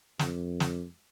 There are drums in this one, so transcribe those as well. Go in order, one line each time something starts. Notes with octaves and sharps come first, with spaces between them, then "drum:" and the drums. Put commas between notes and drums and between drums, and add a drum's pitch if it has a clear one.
F2, drum: snare
drum: snare